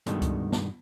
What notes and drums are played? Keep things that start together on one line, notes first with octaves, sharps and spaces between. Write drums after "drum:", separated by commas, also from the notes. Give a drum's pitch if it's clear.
G2 B2 D#3 G#3 A3, drum: hi-hat
drum: kick C#2, hi-hat
drum: snare